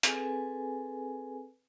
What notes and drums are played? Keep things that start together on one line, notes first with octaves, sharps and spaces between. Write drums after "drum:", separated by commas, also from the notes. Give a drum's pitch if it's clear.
C4 G#4 A4 B4 G#5, drum: hi-hat